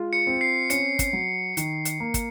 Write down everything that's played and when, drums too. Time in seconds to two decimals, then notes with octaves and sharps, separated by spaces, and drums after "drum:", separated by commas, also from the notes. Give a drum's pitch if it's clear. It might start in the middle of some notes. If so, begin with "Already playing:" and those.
Already playing: G#3 F4
0.13 C#7
0.27 C4
0.41 C7
0.70 C#4 C#7, drum: hi-hat
0.99 drum: kick, hi-hat
1.13 F#3
1.57 D#3, drum: hi-hat
1.85 drum: hi-hat
2.00 A#3
2.14 drum: kick, hi-hat